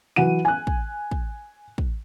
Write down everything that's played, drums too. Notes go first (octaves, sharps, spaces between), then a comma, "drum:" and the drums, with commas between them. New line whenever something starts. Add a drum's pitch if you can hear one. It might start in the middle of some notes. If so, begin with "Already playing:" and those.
E3 F#3 F#5 D#7
G#5 F#6
drum: kick
drum: kick
drum: kick